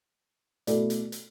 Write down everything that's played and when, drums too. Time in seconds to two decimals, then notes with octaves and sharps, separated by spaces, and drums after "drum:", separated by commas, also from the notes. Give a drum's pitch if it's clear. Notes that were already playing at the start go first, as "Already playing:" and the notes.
0.67 B2 A3 E4 A4 D5, drum: hi-hat
0.90 drum: hi-hat
1.12 drum: hi-hat